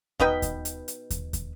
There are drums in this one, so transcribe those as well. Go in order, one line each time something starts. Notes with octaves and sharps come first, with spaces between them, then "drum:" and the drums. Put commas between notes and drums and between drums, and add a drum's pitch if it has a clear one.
B2 D#4 B4 G5, drum: kick
drum: kick, hi-hat
drum: hi-hat
drum: hi-hat
drum: kick, hi-hat
drum: kick, hi-hat